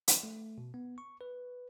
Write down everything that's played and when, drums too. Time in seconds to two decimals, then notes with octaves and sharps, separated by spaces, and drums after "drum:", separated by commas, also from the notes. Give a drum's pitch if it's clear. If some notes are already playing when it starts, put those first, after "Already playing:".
0.08 drum: hi-hat
0.23 A3
0.58 B2
0.74 B3
0.98 C#6
1.21 B4